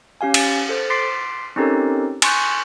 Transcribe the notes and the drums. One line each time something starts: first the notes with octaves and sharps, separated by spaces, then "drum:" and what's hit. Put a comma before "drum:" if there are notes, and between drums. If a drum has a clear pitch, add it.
C#4 G4 F5 G#5
drum: cymbal
A4 C5
C6 D6 A6 B6 C7 D7
C4 C#4 D#4 G4 A4 A#4
G#5 C6 C#6 F#6 G6, drum: cymbal